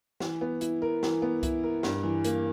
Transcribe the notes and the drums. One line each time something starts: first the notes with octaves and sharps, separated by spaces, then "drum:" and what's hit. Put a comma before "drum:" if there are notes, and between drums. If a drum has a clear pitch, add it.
E3, drum: snare
B3
E4, drum: hi-hat
A#4
E3, drum: snare
B3
E4, drum: kick C2, hi-hat
A#4
G2, drum: snare
E3
A#3, drum: hi-hat